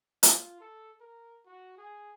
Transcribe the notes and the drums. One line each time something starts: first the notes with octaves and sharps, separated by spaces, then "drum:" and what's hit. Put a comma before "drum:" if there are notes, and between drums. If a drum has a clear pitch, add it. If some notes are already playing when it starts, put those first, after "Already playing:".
F4, drum: hi-hat
A4
A#4
F#4
G#4